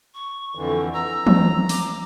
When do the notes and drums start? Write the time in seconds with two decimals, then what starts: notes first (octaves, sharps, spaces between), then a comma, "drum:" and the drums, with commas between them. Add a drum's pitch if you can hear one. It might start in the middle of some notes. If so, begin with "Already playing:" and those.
0.14 C#6
0.55 F2 D3 E3
0.94 A#5 E6
1.27 drum: tom E3
1.69 D6, drum: open hi-hat